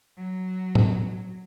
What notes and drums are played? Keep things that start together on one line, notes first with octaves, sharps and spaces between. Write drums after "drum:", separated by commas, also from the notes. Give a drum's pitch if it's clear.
F#3
drum: tom